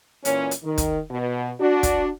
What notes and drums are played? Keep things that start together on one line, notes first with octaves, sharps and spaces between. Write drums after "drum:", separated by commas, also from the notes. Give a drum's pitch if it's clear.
A#2 E3 C#4, drum: hi-hat
drum: hi-hat
D#3
drum: kick, hi-hat
B2
D4 F#4
drum: kick, hi-hat